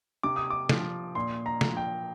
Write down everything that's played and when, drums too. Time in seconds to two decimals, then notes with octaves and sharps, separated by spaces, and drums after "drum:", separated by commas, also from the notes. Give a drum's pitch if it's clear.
0.23 C3 D6
0.36 D#6
0.50 D6
0.69 F3, drum: snare
1.15 A#2 C6
1.46 A#5
1.61 F3, drum: snare
1.77 G5